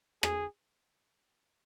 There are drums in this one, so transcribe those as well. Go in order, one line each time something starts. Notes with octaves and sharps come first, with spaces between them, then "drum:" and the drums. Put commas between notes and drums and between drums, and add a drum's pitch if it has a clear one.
G#4, drum: rim click